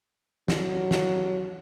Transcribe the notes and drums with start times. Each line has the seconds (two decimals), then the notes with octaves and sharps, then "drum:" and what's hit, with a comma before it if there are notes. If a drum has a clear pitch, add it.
0.48 F#3, drum: snare
0.91 drum: snare